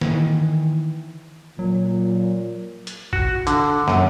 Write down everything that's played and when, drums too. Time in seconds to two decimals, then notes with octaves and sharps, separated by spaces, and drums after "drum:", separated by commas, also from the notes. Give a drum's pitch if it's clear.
0.01 D#3 E3, drum: snare
1.59 A#2 F#3
2.87 drum: hi-hat
3.13 F#4, drum: kick
3.47 D3, drum: hi-hat
3.88 F#2, drum: snare